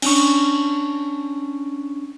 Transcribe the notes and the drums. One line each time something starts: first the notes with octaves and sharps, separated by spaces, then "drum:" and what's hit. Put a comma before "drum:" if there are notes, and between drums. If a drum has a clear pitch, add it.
C#4 D4 C#6, drum: cymbal